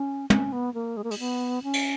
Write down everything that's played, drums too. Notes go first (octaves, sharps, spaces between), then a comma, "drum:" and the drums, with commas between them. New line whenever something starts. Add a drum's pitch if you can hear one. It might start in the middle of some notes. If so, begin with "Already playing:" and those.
Already playing: C#4
C#4, drum: tom
B3
A#3
G#3
A#3
G#3, drum: open hi-hat
B3
C#4
drum: cymbal